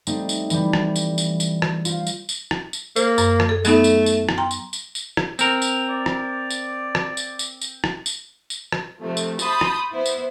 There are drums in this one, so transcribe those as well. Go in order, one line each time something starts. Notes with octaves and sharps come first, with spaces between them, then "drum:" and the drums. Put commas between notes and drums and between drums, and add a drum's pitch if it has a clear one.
G3 A3 C4 D#4, drum: tambourine
drum: tambourine
E3 G3, drum: tambourine
drum: rim click
drum: tambourine
drum: tambourine
drum: tambourine
drum: rim click
F4 C5, drum: tambourine
drum: tambourine
drum: tambourine
drum: rim click
drum: tambourine
A#3 G#4 C5, drum: tambourine
F#2, drum: tambourine
drum: rim click
G#4 A4
F#3 A3 B3 D#4, drum: tambourine
drum: tambourine
drum: tambourine
drum: rim click
G5 A#5 C6
drum: tambourine
drum: tambourine
drum: tambourine
drum: rim click
C4 A#4, drum: tambourine
drum: tambourine
D5
drum: rim click
drum: tambourine
drum: rim click
drum: tambourine
drum: tambourine
drum: tambourine
drum: rim click
drum: tambourine
drum: tambourine
drum: rim click
C3 F3 A3
drum: tambourine
A5 B5 C6 D#6 G6, drum: tambourine
drum: rim click
B3 E4 C5
drum: tambourine